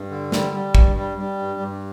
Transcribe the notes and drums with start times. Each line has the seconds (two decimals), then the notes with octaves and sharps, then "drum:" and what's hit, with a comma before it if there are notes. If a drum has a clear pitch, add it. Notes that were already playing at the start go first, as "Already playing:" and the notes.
Already playing: G2
0.10 D3
0.32 G3, drum: snare
0.53 G3
0.75 G2, drum: kick
0.96 G3
1.18 G3
1.39 G2
1.60 G2